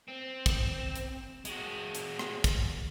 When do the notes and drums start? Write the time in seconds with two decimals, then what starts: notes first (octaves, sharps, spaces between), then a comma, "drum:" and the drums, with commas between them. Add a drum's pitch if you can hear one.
0.08 C4
0.46 drum: kick, hi-hat
0.95 drum: hi-hat
1.45 G#3 F#4, drum: hi-hat
1.95 drum: hi-hat
2.19 drum: rim click
2.44 drum: kick, hi-hat